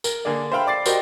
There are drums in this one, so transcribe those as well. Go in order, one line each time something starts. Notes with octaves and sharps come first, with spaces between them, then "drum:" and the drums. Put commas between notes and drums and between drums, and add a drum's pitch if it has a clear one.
A#4, drum: tambourine
D3 A#3 G#4 D5
C5 E5 F5 G5 B5
D5 D6 A6 C7
F#4 G4 A#4 C5 D5 D#5, drum: tambourine